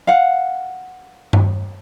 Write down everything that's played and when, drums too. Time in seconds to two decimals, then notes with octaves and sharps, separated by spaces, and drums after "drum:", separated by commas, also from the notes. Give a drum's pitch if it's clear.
0.07 F5 F#5
1.33 drum: tom G2